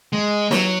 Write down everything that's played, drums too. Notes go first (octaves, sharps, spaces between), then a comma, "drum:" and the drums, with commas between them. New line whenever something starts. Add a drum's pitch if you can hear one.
G#3
F#3, drum: snare